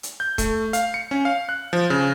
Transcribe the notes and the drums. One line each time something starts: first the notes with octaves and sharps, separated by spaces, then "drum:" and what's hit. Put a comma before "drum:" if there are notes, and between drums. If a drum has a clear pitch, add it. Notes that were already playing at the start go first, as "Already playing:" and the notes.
drum: hi-hat
G6
A3, drum: kick C#1, hi-hat
F5, drum: hi-hat
C#7
C#4
F5
F#6
F3
C#3